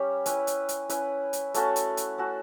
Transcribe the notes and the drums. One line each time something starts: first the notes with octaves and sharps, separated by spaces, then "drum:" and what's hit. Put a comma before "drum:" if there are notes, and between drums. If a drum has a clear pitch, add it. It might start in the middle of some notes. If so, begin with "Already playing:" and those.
Already playing: G3 C#4 C#5
C#4 E4 B4, drum: hi-hat
drum: hi-hat
drum: hi-hat
C#4 E4 B4, drum: hi-hat
drum: hi-hat
A3 C#4 F#4 A4, drum: hi-hat
drum: hi-hat
drum: hi-hat
A3 C#4 F#4 A4